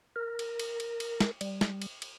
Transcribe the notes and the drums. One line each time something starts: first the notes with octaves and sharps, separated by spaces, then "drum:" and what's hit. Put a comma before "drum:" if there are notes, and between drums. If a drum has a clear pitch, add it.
A#4
drum: cymbal
drum: cymbal
drum: cymbal
drum: cymbal
drum: snare
G3, drum: cymbal
drum: snare
drum: cymbal
drum: cymbal